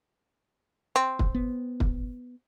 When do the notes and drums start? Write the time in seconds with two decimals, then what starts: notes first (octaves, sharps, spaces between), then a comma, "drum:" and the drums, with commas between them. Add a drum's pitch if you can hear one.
0.96 C4
1.19 drum: kick
1.35 B3
1.80 drum: kick